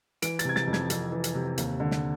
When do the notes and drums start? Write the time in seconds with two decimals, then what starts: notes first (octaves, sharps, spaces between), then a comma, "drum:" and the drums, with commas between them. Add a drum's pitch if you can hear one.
0.22 E3 D7, drum: hi-hat
0.39 A6, drum: hi-hat
0.45 C3 G#6
0.56 A6, drum: snare
0.67 F2
0.73 G#6, drum: snare
0.90 F2, drum: hi-hat
1.12 E3
1.24 drum: hi-hat
1.35 C3
1.58 D#2, drum: hi-hat
1.80 D3
1.91 drum: snare